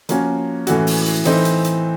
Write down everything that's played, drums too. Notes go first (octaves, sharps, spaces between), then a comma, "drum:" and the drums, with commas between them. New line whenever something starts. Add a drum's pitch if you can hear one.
F3 A#3 C#4 F#4, drum: hi-hat
A2 E3 A3 C#4 F#4, drum: hi-hat
drum: open hi-hat
drum: hi-hat
E3 A3 C4 D#4, drum: hi-hat
drum: hi-hat
drum: hi-hat